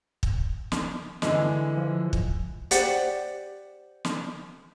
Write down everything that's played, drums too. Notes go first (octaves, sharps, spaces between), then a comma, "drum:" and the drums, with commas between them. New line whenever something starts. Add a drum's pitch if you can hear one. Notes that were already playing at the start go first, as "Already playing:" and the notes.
drum: kick
drum: snare
D3 E3 G#3, drum: snare
F3
drum: kick
G4 C5 D5 F#5, drum: hi-hat
drum: snare